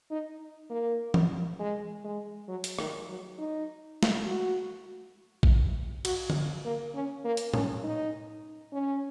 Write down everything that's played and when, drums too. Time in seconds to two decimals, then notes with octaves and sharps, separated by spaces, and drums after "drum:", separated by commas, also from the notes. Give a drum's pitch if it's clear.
0.11 D#4
0.70 A#3
1.14 drum: tom E3
1.60 G#3
2.04 G#3
2.48 F#3
2.64 drum: hi-hat
2.79 D#3, drum: rim click
3.08 F#3
3.39 D#4
4.03 drum: snare
4.27 F#4
5.43 drum: kick
6.05 F#4, drum: cymbal
6.30 drum: tom D3
6.65 A#3
6.95 C#4
7.25 A#3
7.37 drum: hi-hat
7.54 C#4, drum: tom A2
7.84 D#4
8.73 C#4